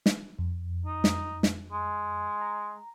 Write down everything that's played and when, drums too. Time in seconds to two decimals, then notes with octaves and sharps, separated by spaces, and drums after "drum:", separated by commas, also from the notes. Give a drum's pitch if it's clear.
0.06 drum: snare
0.39 F2
0.86 D#4
1.04 drum: snare
1.43 drum: snare
1.72 G#3
2.41 A#5